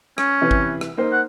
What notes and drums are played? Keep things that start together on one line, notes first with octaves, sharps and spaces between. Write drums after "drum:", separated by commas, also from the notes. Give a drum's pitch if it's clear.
C#4, drum: rim click
C3 E3 B4
drum: kick G#1
drum: rim click
A#3 D#4 C5
F#5